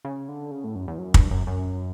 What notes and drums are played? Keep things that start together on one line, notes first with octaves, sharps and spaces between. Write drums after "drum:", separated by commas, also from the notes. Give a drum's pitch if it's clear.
C#3
D3
C#3
A2
F#2
E2
F#2
G2, drum: kick
F#2
F#2